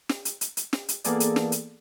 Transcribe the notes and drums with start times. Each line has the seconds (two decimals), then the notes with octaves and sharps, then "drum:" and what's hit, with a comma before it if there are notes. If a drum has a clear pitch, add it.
0.09 drum: snare
0.25 drum: hi-hat
0.41 drum: hi-hat
0.57 drum: hi-hat
0.73 drum: snare
0.89 drum: hi-hat
1.04 E3 A#3 B3 G#4 A4 D5, drum: hi-hat
1.20 drum: hi-hat
1.36 drum: snare
1.52 drum: hi-hat